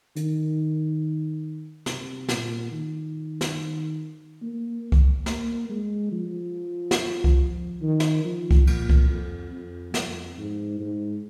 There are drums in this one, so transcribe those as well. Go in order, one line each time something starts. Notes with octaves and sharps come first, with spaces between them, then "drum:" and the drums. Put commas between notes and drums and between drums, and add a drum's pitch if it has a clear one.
D#3, drum: hi-hat
C3, drum: snare
A#2, drum: snare
D#3
drum: snare
A#3
drum: kick C2
A#3, drum: snare
G#3
F3
drum: snare
drum: kick C2
D#3
drum: snare
F3
drum: kick C2
A#2, drum: cymbal
drum: kick C2
F2
F2
F2, drum: snare
G#2
G#2